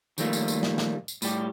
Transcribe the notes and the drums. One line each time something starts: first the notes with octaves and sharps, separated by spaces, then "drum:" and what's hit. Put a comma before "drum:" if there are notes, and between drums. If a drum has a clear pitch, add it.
D#3 F3 G3 A3 A#3 F4, drum: tambourine
drum: tambourine
drum: tambourine
drum: snare
drum: snare
drum: tambourine
A2 G3 G4, drum: tambourine